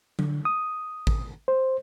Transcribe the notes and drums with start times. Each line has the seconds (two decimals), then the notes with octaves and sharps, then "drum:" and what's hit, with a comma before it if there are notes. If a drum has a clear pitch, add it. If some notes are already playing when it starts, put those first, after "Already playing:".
0.19 D3, drum: tom F#3
0.45 D#6
1.07 drum: kick
1.48 C5